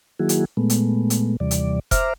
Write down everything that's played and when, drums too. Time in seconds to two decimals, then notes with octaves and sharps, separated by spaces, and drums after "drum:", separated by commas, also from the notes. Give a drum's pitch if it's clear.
0.19 D#3 F#3 A#3 E4 F#4 G#4
0.29 drum: hi-hat
0.57 A#2 G#3 A3 B3
0.70 drum: hi-hat
1.10 drum: hi-hat
1.40 D#2 C3 E3 G3 D5
1.51 drum: hi-hat
1.91 C5 E5 A#5 D6 F6, drum: kick F1, hi-hat